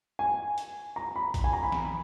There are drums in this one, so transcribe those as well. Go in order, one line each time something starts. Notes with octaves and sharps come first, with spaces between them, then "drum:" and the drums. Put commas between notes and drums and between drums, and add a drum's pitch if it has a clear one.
G#5
drum: hi-hat
A#5
B5
drum: kick A#1, hi-hat
G#5
A#5
B5
drum: snare